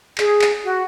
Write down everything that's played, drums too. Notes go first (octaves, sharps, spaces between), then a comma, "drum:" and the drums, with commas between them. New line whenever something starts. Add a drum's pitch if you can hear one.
G#4, drum: clap
drum: clap
F#4